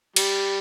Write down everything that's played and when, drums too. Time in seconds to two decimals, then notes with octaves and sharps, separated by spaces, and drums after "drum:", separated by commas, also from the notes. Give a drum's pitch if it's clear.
0.16 G3, drum: cymbal